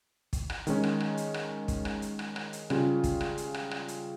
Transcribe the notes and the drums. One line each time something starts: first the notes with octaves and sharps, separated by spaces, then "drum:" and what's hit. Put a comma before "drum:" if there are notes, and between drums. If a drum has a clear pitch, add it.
drum: kick, hi-hat
drum: rim click
D#3 G#3 C#4, drum: hi-hat
drum: rim click
drum: rim click
drum: hi-hat
drum: rim click
drum: kick, hi-hat
drum: rim click
drum: hi-hat
drum: rim click
drum: rim click
drum: hi-hat
C#3 G3 C#4 F4, drum: rim click
drum: kick, hi-hat
drum: rim click
drum: hi-hat
drum: rim click
drum: rim click
drum: hi-hat